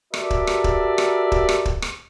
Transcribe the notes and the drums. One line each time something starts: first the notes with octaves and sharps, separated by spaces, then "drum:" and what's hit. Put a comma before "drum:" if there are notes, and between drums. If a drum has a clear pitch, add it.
F#4 G4 A4 A#4 D5 E5, drum: rim click
drum: kick
drum: rim click
drum: kick
drum: rim click
drum: kick
drum: rim click
drum: kick
drum: rim click